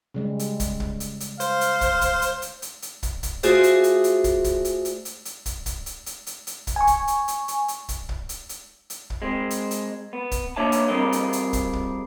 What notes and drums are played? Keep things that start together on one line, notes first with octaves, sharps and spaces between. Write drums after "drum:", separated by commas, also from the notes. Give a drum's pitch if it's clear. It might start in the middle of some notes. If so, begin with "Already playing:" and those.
C#3 G3 G#3
drum: hi-hat
drum: kick, hi-hat
drum: kick
drum: hi-hat
drum: hi-hat
C5 F5, drum: hi-hat
drum: hi-hat
drum: kick, hi-hat
drum: kick, hi-hat
drum: hi-hat
drum: hi-hat
drum: hi-hat
drum: hi-hat
drum: kick, hi-hat
drum: kick, hi-hat
A3 F4 F#4 G#4 C5 D5, drum: hi-hat
drum: hi-hat
drum: hi-hat
drum: hi-hat
drum: kick, hi-hat
drum: kick, hi-hat
drum: hi-hat
drum: hi-hat
drum: hi-hat
drum: hi-hat
drum: kick, hi-hat
drum: kick, hi-hat
drum: hi-hat
drum: hi-hat
drum: hi-hat
drum: hi-hat
drum: kick, hi-hat
G#5 C#6
drum: kick, hi-hat
drum: hi-hat
drum: hi-hat
drum: hi-hat
drum: hi-hat
drum: kick, hi-hat
drum: kick
drum: hi-hat
drum: hi-hat
drum: hi-hat
drum: kick
G#3 C4
drum: hi-hat
drum: hi-hat
B3
drum: kick, hi-hat
A#3 D4 C#5 E5 A5
drum: hi-hat
F3 G3 C4 G#4 A#4 D#5
drum: hi-hat
drum: hi-hat
drum: kick, hi-hat
drum: kick